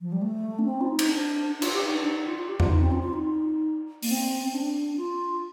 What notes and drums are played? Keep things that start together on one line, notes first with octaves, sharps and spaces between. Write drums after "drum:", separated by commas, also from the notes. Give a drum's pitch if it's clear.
F3
G3
A3
D4
C4
F4
D#4
drum: cymbal
D4
D4
F4, drum: cymbal
G4
D#4
D4
D#4
D#4
F4
F4
G4
F4, drum: tom E2
D#4
C4
F4
F4
D#4
A#3, drum: open hi-hat
C4
C4
D4
F4